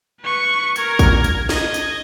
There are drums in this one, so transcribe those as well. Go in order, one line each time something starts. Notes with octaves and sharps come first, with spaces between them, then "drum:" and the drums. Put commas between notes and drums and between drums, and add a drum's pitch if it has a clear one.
B4 C#6
A#4 G#6, drum: tambourine
drum: kick, tambourine
drum: tambourine
D#5 G#6, drum: snare
drum: tambourine